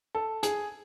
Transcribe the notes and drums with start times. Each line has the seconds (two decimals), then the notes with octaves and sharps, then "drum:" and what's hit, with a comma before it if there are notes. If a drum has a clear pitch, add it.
0.15 A4
0.43 G#4, drum: hi-hat